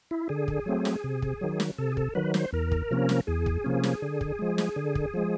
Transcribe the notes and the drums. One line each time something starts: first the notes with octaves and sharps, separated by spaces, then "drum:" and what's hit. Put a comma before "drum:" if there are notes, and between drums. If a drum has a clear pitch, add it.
E4
D3 G#4
drum: kick
F#3 A3 C4
drum: snare
C3
drum: kick
D#3 F#3
drum: snare
C3 A4
G#4
A4, drum: kick
D#3 F#3 B4
C5, drum: snare
E2 A#4
drum: kick
C3 F3 A#3 C#4
drum: snare
E2 G#4
drum: kick
C3 F3 A#3 C#4
drum: snare
D3
drum: kick
F3 G#3
drum: snare
D3
drum: kick
F3 G#3